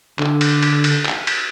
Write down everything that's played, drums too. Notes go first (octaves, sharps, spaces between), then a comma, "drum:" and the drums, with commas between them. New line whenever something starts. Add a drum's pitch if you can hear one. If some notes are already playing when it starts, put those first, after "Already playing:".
D3, drum: clap
drum: cymbal
drum: cymbal
drum: cymbal
drum: clap
drum: cymbal